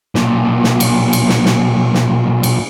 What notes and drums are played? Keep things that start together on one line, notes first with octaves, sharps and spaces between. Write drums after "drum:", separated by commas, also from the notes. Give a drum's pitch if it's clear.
B1 A#2, drum: snare
drum: snare
drum: cymbal
drum: cymbal
drum: snare
drum: snare
drum: snare
drum: cymbal